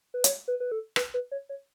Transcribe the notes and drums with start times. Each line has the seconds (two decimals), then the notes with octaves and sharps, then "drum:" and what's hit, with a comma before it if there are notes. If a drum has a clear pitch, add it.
0.14 B4
0.24 C#5, drum: hi-hat
0.48 B4
0.60 B4
0.72 A4
0.96 B4, drum: rim click
1.14 B4
1.32 C#5
1.49 C#5